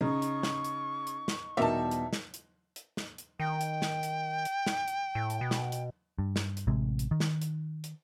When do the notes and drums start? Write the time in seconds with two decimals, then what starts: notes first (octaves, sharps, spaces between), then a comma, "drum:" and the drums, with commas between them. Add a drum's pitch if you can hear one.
0.01 C#3 D#4 C#6
0.22 drum: hi-hat
0.43 drum: snare
0.65 drum: hi-hat
1.07 drum: hi-hat
1.28 drum: snare
1.57 E2 B2 G3 D#4 A#4 E5 A5
1.91 drum: hi-hat
2.13 drum: snare
2.34 drum: hi-hat
2.76 drum: hi-hat
2.97 drum: snare
3.18 drum: hi-hat
3.40 D#3 G5
3.61 drum: hi-hat
3.82 drum: snare
4.03 drum: hi-hat
4.45 drum: hi-hat
4.66 drum: snare
4.88 drum: hi-hat
5.15 A2
5.30 drum: hi-hat
5.41 B2
5.51 drum: snare
5.72 drum: hi-hat
6.19 G2
6.36 drum: snare
6.57 drum: hi-hat
6.67 A1 C3 G#3
6.99 drum: hi-hat
7.11 D#3
7.20 drum: snare
7.42 drum: hi-hat
7.84 drum: hi-hat